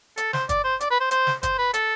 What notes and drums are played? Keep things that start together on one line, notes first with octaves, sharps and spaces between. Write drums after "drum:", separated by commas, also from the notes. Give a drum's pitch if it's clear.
A4, drum: hi-hat
C5, drum: snare
D5, drum: kick, hi-hat
C5
D5, drum: hi-hat
B4
C5
C5, drum: hi-hat
drum: snare
C5, drum: kick, hi-hat
B4
A4, drum: hi-hat